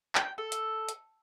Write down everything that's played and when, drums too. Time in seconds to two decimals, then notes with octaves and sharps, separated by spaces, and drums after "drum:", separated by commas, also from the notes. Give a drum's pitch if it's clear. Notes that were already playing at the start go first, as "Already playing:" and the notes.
0.15 G5, drum: clap
0.38 A4
0.52 drum: hi-hat
0.89 drum: hi-hat